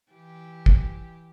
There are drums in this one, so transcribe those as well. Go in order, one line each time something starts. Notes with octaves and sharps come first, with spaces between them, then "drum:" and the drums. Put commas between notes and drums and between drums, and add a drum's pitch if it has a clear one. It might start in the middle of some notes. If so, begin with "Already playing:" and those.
E3 G4
drum: kick